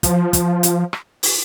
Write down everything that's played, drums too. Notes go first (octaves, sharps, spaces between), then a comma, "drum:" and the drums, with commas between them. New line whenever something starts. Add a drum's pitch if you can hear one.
F3, drum: kick, hi-hat
drum: kick, hi-hat
drum: hi-hat
drum: rim click
drum: open hi-hat